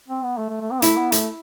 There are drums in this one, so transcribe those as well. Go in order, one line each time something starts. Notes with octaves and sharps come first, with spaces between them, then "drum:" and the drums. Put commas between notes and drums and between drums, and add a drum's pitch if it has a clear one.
C4
B3
A3
A3
A3
C4
A3 E4, drum: hi-hat
B3
A3, drum: hi-hat